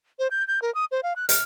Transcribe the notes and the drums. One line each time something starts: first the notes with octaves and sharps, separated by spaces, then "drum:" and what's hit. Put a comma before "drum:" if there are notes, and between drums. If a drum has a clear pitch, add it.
C5
G6
G6
A#4
D#6
C5
F5
F#6
F6, drum: hi-hat